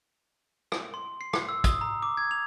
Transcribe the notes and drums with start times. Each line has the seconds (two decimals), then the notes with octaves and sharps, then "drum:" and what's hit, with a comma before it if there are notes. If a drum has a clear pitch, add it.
0.72 drum: rim click
0.94 C6
1.21 C7
1.33 drum: rim click
1.49 E6
1.64 D#6, drum: kick, hi-hat
1.81 A#5
2.02 D6
2.17 G#6
2.31 F7